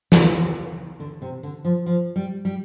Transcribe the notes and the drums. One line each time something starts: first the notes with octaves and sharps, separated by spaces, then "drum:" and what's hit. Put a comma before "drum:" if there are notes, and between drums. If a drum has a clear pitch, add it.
E3, drum: snare
D3
C3
D3
F3
F3
G3
G3